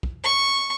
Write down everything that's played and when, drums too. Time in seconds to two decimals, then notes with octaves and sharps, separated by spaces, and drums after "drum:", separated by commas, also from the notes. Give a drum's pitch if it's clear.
0.03 drum: kick
0.24 C#6